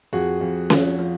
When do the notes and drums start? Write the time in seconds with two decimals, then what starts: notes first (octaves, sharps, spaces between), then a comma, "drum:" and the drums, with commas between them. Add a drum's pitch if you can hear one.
0.13 F2 F#4 G#4
0.41 F2
0.70 F3, drum: snare C#4
0.99 F3